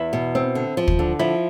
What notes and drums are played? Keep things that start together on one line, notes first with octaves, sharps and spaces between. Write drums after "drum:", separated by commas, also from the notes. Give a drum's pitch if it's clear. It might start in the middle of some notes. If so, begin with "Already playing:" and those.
Already playing: E2 E4
B2
C4
D3
F3
drum: kick
D3
F3 E4